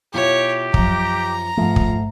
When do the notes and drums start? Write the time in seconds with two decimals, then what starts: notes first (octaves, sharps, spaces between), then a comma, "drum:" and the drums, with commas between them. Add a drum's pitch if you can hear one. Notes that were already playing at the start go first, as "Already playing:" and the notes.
0.14 B2 E4 F4 G4 C#5
0.74 F#2 F3 A#5, drum: kick
1.57 G#2 F3 A3
1.76 drum: kick